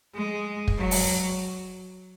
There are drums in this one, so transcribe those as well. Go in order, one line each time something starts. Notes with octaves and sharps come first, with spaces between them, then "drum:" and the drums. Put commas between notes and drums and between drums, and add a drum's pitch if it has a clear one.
G#3
drum: kick
F#3
drum: open hi-hat